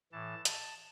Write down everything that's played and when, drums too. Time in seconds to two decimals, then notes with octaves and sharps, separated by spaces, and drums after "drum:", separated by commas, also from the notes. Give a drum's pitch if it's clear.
0.12 A2 E3 A5
0.45 A5, drum: hi-hat